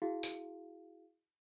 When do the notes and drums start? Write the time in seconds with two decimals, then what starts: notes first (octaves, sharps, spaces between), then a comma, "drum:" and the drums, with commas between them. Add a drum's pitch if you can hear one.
0.02 E4 F#4 G#4 F5
0.23 drum: tambourine